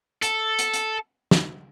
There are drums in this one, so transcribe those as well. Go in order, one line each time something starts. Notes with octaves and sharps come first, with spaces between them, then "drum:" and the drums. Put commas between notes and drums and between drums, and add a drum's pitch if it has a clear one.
A4, drum: hi-hat
drum: hi-hat
drum: hi-hat
drum: snare